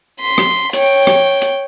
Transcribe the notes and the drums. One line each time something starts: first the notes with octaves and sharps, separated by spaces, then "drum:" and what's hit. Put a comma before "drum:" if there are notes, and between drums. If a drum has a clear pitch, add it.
C6 B6
drum: rim click
C#5 G5, drum: hi-hat
drum: rim click
drum: hi-hat